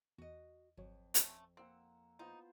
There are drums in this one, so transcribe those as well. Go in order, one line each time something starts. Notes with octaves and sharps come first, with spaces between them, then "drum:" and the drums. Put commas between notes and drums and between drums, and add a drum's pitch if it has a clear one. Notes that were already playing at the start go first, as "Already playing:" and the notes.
E2 F#4 D#5
G#1 F2 F#3 C#5
A3 C4 C#4, drum: hi-hat
A#3 C4 F#5 E6
B3 D#4 F4 C5